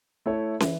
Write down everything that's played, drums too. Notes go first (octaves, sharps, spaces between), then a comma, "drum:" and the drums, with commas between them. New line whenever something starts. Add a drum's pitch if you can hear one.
A3 E4 C#5
E3, drum: snare